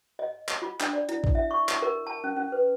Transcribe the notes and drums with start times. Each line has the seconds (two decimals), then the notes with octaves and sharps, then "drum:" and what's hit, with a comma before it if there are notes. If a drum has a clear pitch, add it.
0.19 D#5
0.49 drum: clap
0.62 F4
0.80 D4, drum: clap
0.93 D5
1.09 E4, drum: hi-hat
1.24 drum: kick A1
1.35 E5
1.51 C#6
1.69 drum: clap
1.82 A#4
2.07 A5
2.24 C#4
2.37 C#4
2.52 B4